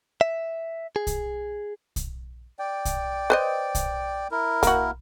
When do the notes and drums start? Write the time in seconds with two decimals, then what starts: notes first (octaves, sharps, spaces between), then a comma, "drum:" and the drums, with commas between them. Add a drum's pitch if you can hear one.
0.21 E5
0.96 G#4
1.07 drum: kick B1, hi-hat
1.96 drum: kick B1, hi-hat
2.59 D5 G5
2.85 drum: kick B1, hi-hat
3.30 B4 C5 D#5
3.75 drum: kick B1, hi-hat
4.31 E4 A#4
4.63 A#3 F#4, drum: kick B1, hi-hat